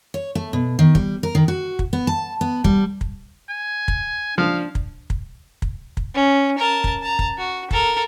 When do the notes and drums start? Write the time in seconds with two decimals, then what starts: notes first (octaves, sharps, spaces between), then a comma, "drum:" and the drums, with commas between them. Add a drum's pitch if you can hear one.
0.14 C#5
0.35 A3
0.53 B2
0.79 D#3
0.95 G3, drum: kick
1.23 A#4
1.35 D#3
1.48 F#4
1.79 drum: kick
1.93 B3
2.07 A5
2.41 B3
2.64 G3, drum: kick
3.01 drum: kick
3.49 G#5
3.88 drum: kick
4.38 F3 D4 F5
4.75 drum: kick
5.10 drum: kick
5.62 drum: kick
5.97 drum: kick
6.14 C#4
6.58 A#4 A5
6.84 drum: kick
7.02 A5 A#5
7.19 drum: kick
7.38 F#4
7.71 A4 A#4, drum: kick